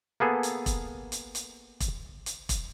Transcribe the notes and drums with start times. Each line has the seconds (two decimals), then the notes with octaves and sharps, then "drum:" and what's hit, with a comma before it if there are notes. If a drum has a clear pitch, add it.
0.20 A#3 B3 G#4 A4
0.43 drum: hi-hat
0.66 drum: kick E1, hi-hat
1.12 drum: hi-hat
1.35 drum: hi-hat
1.80 drum: kick E1, hi-hat
2.26 drum: hi-hat
2.49 drum: kick E1, hi-hat